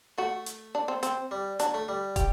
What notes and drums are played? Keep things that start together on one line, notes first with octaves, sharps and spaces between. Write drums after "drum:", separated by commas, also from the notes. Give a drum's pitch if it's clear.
A3 F#4
drum: hi-hat
D4
C4
C4, drum: hi-hat
G3
F#3 D4, drum: hi-hat
A3
G3
G4, drum: kick, hi-hat